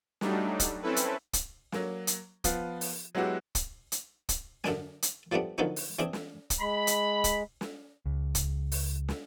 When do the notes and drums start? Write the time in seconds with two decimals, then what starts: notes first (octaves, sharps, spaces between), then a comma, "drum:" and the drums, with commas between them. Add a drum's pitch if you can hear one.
0.21 F#3 G3 A3 D4 D#4, drum: snare
0.60 drum: kick, hi-hat
0.82 C4 C#4 E4 A4 B4
0.96 drum: hi-hat
1.33 drum: kick, hi-hat
1.72 F#3 A#3, drum: snare
2.07 drum: hi-hat
2.44 F3 B3 F4, drum: kick, hi-hat
2.81 drum: open hi-hat
3.15 F#3 G#3 B3 E4 F#4 G4
3.55 drum: kick, hi-hat
3.92 drum: hi-hat
4.29 drum: kick, hi-hat
4.64 F#2 D3 D4 G#5, drum: snare
5.02 drum: hi-hat
5.32 F3 G3 A3 B3 D4
5.58 D3 D#3 F3 F#3 B3 C#4
5.76 drum: open hi-hat
5.99 E3 C4 D4 G#4
6.13 drum: snare
6.50 drum: kick, hi-hat
6.61 G#3 B5
6.87 drum: hi-hat
7.24 drum: kick, hi-hat
7.61 drum: snare
8.06 C#2
8.35 drum: kick, hi-hat
8.72 drum: open hi-hat
9.08 drum: snare